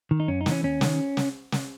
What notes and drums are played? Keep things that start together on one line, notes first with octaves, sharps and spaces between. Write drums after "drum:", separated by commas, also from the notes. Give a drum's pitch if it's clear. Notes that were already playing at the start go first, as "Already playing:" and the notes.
D#3
D#4
F#2 C#4
D#4
E3, drum: snare
C#4
D#2 C#4
D#3, drum: snare
drum: snare
drum: snare